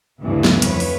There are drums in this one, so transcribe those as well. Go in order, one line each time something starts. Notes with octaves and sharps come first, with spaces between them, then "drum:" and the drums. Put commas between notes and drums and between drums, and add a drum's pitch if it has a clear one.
D2 G2 C#3 E3 G3 B3
drum: snare
F2 B4 C#5, drum: hi-hat
drum: open hi-hat